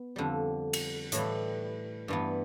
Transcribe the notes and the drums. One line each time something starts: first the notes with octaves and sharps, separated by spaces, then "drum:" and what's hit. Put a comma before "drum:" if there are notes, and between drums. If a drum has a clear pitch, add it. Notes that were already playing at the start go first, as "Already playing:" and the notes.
Already playing: B3
F2 D3 G3
drum: cymbal
A2 E3 G3, drum: hi-hat
G2 E3 B3